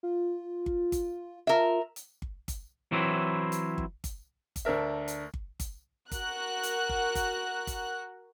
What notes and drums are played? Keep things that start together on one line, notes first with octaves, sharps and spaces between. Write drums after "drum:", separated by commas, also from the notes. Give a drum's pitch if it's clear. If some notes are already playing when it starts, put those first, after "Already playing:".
F4
drum: kick G1
drum: kick G1, hi-hat
F4 A#4 E5
drum: hi-hat
drum: kick G1
drum: kick G1, hi-hat
E3 F#3 C4 E4
drum: hi-hat
drum: kick G1
drum: kick G1, hi-hat
drum: kick G1, hi-hat
D2 D4 A#4 E5
drum: hi-hat
drum: kick G1
drum: kick G1, hi-hat
F#4 A#4 F#6, drum: kick G1, hi-hat
drum: hi-hat
drum: kick G1
drum: kick G1, hi-hat
drum: kick G1, hi-hat